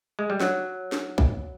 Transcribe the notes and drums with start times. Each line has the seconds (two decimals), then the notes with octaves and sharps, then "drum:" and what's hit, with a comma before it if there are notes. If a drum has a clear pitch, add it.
0.19 G#3
0.30 G3
0.40 F#3, drum: snare
0.92 drum: snare
1.18 drum: kick